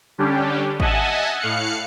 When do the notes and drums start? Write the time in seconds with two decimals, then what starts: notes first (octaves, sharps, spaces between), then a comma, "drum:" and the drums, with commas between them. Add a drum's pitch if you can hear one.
0.18 D3 G3 C#4 D4 G4
0.80 D#5 E5 F#5 G#5 A5, drum: kick G#1
1.39 A2 F5 F#6 C#7